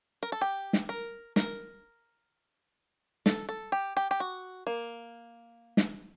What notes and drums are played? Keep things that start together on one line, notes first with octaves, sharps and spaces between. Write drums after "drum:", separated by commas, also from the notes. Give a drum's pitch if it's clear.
A#4
A4
G4
drum: snare
A#4
A#4, drum: snare
A4, drum: snare
A4
G4
G4
G4
F#4
A#3
drum: snare